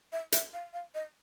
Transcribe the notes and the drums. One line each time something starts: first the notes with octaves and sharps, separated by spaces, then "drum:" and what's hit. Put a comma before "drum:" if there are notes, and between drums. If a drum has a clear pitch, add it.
E5
E5, drum: hi-hat
F5
F5
D#5